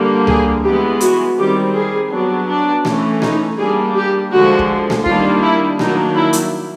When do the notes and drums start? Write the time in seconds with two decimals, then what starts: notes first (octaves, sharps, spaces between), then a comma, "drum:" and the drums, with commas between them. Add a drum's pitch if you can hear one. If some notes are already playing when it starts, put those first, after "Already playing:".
Already playing: D3 G3 A#3 D4
0.27 G#4, drum: tom C#2
0.64 E3 G#3 B3 G4
1.01 F#4, drum: hi-hat
1.38 D#3 G3 C4 G4
1.74 G#4
2.11 F#3 B3 D4
2.48 D4
2.85 E3 A3 C#4, drum: snare A3
3.22 D#4, drum: snare A3
3.59 G3 A#3 D4 G#4
3.96 G4
4.32 D3 F3 G#3 F#4
4.59 drum: kick
4.90 drum: snare A3
5.06 D#3 G3 A#3 D4 F4, drum: kick
5.42 E4
5.79 D#3 F#3 A#3 D4 D#4, drum: snare A3
6.16 E4
6.33 drum: hi-hat